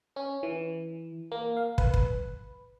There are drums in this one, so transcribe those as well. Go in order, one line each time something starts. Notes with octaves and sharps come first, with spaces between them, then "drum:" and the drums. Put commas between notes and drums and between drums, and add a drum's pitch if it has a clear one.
C#4
E3
A#3
F5
B4, drum: kick
drum: kick